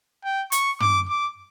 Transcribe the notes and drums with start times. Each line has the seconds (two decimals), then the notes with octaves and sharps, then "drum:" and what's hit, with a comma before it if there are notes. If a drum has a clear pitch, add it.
0.24 G5
0.52 C#6, drum: hi-hat
0.80 D6, drum: tom
1.09 D6